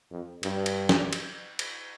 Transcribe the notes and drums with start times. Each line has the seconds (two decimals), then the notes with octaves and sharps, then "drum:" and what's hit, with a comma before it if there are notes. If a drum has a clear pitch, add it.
0.11 F2
0.43 G2, drum: cymbal
0.66 drum: cymbal
0.89 drum: snare
1.13 drum: cymbal
1.59 drum: cymbal